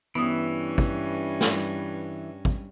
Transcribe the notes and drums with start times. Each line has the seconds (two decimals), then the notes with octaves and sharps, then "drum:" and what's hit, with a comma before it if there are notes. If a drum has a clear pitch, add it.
0.15 G2 E3 B3 C#4 D#6
0.78 drum: kick
1.41 drum: snare
2.45 drum: kick